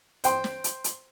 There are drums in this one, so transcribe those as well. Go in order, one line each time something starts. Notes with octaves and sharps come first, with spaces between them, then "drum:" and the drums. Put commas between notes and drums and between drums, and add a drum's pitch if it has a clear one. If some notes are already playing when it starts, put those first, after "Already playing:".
C5 G5 C6, drum: hi-hat
drum: snare
drum: hi-hat
drum: hi-hat